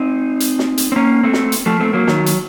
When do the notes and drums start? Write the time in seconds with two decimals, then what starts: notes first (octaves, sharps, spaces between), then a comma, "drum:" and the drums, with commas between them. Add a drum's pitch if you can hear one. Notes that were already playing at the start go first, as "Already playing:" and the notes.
Already playing: C4 D#4
0.40 drum: hi-hat
0.59 drum: snare
0.78 drum: hi-hat
0.92 C4
0.96 A#3 C#4
1.23 A3 C4
1.33 drum: snare
1.52 drum: hi-hat
1.66 F3 A3
1.80 A3 C4
1.93 F#3 A#3
2.07 D#3 F#3, drum: snare
2.26 drum: hi-hat